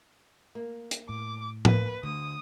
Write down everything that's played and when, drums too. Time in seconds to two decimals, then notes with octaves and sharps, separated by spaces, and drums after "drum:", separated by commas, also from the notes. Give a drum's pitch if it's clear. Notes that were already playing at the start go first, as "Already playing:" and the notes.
0.55 A#3
0.91 drum: hi-hat
1.09 A2 D6
1.65 A#3 B4, drum: tom A2
2.03 D2 D3 D#6